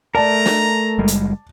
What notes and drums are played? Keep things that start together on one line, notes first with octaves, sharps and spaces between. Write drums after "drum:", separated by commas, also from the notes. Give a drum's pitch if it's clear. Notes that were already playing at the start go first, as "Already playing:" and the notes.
A3 A#4 D5 A5 A#5
drum: snare
F#1 G3 G#3
drum: hi-hat